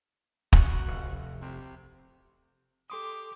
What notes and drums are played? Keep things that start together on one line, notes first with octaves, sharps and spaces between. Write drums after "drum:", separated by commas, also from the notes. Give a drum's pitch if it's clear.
F#4, drum: kick
F1
C3
G4 A4 C6 D6 D#6